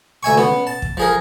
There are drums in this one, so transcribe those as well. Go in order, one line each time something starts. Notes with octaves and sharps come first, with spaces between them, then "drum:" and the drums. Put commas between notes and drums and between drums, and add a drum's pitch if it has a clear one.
D2 E5 G#5 C#6
B3, drum: snare
A5
drum: kick
F3 G#4 A#4